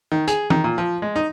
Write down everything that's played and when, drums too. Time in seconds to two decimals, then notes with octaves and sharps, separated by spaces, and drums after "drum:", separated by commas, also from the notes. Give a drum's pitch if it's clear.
0.12 D#3
0.28 G#4, drum: hi-hat
0.50 D#3, drum: tom E3
0.64 A#2
0.78 F3
1.02 G#3
1.16 D#4